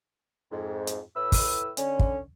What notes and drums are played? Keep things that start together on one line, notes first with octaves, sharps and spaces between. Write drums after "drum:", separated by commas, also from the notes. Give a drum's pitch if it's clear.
F2 G#2
drum: hi-hat
A2 B4 E6
drum: kick, open hi-hat
D3 C#4, drum: hi-hat
drum: kick